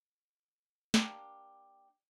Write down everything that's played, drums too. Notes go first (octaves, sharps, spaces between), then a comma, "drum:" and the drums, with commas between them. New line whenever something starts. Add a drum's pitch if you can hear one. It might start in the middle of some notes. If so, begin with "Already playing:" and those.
A#3 D4 G4, drum: snare